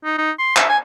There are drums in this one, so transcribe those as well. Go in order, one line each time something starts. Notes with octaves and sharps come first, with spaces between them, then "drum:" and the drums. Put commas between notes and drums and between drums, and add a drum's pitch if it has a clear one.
D#4
D#4
C6
E5, drum: clap
G#5